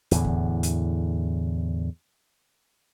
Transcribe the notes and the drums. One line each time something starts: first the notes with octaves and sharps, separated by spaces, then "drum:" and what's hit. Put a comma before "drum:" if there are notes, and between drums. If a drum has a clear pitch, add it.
E2 A2 D3, drum: hi-hat
drum: kick E2
drum: hi-hat